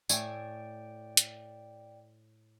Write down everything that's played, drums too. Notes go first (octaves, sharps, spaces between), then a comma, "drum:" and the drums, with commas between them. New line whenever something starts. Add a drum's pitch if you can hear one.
A2 A3 D5 G5 G#5, drum: tambourine
drum: hi-hat